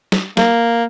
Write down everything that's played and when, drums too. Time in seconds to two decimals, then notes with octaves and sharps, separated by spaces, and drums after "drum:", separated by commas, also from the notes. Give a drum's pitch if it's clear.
0.12 drum: snare
0.37 A#3, drum: snare